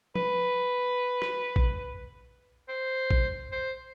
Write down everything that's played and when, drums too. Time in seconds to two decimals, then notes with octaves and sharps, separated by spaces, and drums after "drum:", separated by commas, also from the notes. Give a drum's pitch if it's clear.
0.15 B4, drum: tom F3
1.22 drum: rim click
1.56 drum: kick
2.69 C5
3.11 drum: kick
3.52 C5